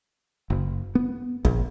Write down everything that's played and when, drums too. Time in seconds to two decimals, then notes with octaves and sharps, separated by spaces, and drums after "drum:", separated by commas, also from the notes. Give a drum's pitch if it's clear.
0.50 F#1
0.95 B3
1.45 A#1, drum: kick